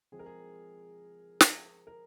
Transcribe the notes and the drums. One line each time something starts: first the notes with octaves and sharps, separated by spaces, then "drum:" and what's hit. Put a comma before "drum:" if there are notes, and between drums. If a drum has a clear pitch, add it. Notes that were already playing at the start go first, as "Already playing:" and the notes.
F3 G#3 C4 G#4
A#4
G#4
drum: snare
A#4